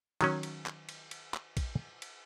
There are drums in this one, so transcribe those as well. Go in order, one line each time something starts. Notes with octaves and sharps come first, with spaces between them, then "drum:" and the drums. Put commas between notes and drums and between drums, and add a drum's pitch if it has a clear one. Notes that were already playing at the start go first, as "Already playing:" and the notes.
D#3 F#3 C#4, drum: cymbal
drum: cymbal
drum: clap
drum: cymbal
drum: cymbal
drum: clap
drum: kick, cymbal
drum: cymbal